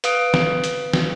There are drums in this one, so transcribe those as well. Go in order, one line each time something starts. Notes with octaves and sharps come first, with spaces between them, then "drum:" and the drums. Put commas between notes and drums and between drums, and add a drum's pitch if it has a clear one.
B4 F5 D#6 D7, drum: hi-hat
drum: snare
drum: hi-hat
drum: snare